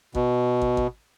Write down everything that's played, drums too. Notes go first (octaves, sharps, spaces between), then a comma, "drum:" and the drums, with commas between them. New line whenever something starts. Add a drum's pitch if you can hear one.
B2, drum: kick
drum: kick
drum: kick